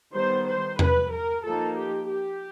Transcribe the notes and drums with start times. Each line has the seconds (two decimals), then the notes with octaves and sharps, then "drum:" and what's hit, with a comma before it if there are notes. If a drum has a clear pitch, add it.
0.14 D#3 G3 B3 C5
0.46 C5
0.79 B4, drum: tom E2
1.12 A#4
1.44 F3 A#3 D#4 A4
1.76 G4
2.09 G4